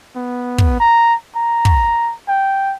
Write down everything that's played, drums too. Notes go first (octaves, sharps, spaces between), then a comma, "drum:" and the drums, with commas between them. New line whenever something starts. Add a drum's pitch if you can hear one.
B3
drum: kick
A#5
A#5
drum: kick
G5